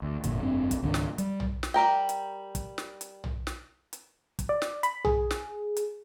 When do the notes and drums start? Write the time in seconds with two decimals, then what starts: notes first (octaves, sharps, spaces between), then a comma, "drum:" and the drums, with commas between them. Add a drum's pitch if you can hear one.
0.02 D2
0.24 G1 F2 A#2 D3, drum: hi-hat
0.41 F1 G2 C4 D4
0.71 drum: kick, hi-hat
0.82 C#2 G#2 D#3 D4
0.94 drum: snare
1.18 G3, drum: hi-hat
1.40 drum: tom
1.63 drum: snare
1.74 G3 G4 A#4 G5
2.09 drum: hi-hat
2.55 drum: kick, hi-hat
2.78 drum: snare
3.01 drum: hi-hat
3.24 drum: tom
3.47 drum: snare
3.93 drum: hi-hat
4.39 drum: kick, hi-hat
4.49 D5
4.62 drum: snare
4.83 B5, drum: hi-hat
5.05 G#4, drum: tom
5.31 drum: snare
5.77 drum: hi-hat